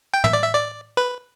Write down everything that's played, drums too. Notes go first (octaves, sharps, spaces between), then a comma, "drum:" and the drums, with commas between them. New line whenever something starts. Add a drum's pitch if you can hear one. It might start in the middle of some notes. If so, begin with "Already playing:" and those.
G5
E5, drum: tom
D5
E5
D5
B4